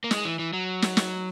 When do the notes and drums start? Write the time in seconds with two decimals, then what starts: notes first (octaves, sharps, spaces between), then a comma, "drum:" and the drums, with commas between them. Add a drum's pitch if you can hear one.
0.04 A#3
0.11 G#3, drum: snare
0.25 E3
0.39 E3
0.53 F#3
0.82 drum: snare
0.97 drum: snare